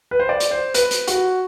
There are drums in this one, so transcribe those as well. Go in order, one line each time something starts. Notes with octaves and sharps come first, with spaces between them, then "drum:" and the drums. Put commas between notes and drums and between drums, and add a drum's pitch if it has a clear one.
B4
C5
D5
drum: hi-hat
C5
B4, drum: hi-hat
drum: hi-hat
F#4, drum: hi-hat